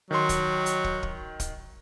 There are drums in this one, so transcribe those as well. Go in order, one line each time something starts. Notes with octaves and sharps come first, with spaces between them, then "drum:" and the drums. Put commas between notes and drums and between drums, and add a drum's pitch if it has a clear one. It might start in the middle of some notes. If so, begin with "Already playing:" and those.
D#3 F#3 C6
drum: kick, hi-hat
drum: hi-hat
drum: kick
drum: kick
drum: kick, hi-hat